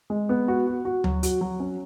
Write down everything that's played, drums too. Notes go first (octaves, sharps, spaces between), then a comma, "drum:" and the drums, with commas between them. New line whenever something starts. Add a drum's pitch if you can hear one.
G#3
B3
F#4
F#4
F#4
F#3, drum: tom D2
F#4, drum: hi-hat
F#3
C#4